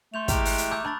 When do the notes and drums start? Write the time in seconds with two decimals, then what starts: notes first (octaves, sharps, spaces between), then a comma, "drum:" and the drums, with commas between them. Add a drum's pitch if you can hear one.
0.14 A3 C6 G6 F7
0.28 E3 G#3 G4 A#5 F6 F7, drum: kick, hi-hat
0.45 F#6, drum: open hi-hat
0.58 drum: hi-hat
0.71 D6 E6 G6, drum: rim click
0.85 D4 B5 C#6 A6, drum: rim click